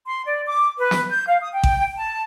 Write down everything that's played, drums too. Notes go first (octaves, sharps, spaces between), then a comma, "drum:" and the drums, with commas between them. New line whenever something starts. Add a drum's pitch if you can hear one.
C6
D5
D6
B4
drum: snare
G6
F5
D#6
G5
drum: kick A1
A5